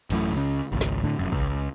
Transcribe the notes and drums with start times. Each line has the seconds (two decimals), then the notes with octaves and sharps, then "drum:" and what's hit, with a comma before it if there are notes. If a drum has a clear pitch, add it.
0.10 A1 F#2 A2, drum: cymbal
0.32 C#2 C#3
0.72 G#1 C#2
0.81 drum: snare
1.04 A2 D3
1.19 F1 F#2
1.32 C#2, drum: kick